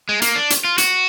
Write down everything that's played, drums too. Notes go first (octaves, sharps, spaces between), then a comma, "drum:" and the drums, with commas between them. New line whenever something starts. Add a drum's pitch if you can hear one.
G#3
A#3, drum: hi-hat
D4
drum: hi-hat
F4
F#4, drum: hi-hat